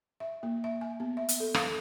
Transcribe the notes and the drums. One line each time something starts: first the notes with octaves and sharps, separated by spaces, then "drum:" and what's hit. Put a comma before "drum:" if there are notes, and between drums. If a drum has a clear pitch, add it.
E5
A#3
E5
G#5
B3
E5
drum: hi-hat
A4
F5, drum: rim click